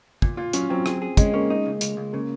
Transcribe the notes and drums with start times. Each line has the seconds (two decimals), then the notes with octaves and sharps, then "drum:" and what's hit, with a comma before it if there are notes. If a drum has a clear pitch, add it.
0.22 A#2, drum: kick
0.37 A#2 F4
0.53 F#3 C#4, drum: hi-hat
0.70 F#3 C4
0.86 G#4, drum: rim click
1.02 G#4
1.17 G#3 C#4, drum: kick, hi-hat
1.33 A#3 C#4
1.49 G#3 D#4
1.66 C#2
1.81 C#2, drum: hi-hat
1.97 C#2
2.13 C#3 A#3